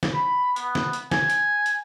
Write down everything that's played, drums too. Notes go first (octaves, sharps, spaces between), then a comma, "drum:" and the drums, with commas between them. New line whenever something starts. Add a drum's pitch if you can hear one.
drum: snare
B5
B3, drum: hi-hat
drum: snare
drum: hi-hat
G#5, drum: snare
drum: hi-hat
drum: hi-hat